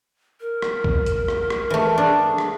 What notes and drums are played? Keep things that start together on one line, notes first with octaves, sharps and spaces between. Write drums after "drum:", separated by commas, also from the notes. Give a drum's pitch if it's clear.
A#4
drum: rim click
drum: kick
drum: hi-hat
drum: rim click
drum: rim click
E3 A3
D4 G#4
drum: rim click